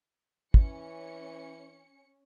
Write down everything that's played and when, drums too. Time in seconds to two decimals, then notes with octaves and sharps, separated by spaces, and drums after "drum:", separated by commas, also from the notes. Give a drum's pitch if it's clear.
0.54 E3 C#4 C#7, drum: kick